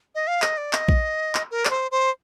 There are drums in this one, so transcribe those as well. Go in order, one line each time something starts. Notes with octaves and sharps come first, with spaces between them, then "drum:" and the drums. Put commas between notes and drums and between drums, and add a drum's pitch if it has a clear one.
D#5
F5
D#5, drum: clap
D5
D#5, drum: clap
drum: kick A#1
drum: clap
A#4
D5, drum: clap
C5
C5